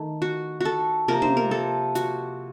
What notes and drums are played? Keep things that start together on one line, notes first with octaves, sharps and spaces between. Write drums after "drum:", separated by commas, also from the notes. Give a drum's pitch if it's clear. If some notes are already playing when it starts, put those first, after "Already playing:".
Already playing: D#3 A3
F#4
F#4 A4
C3 F3 A#3 A#4
C5, drum: tom
A#4
A4
F#4, drum: hi-hat